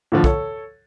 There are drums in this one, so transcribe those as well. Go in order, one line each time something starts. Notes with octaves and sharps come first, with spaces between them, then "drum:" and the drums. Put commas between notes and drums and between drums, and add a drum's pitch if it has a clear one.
A2 D3 F3
A4 C#5, drum: kick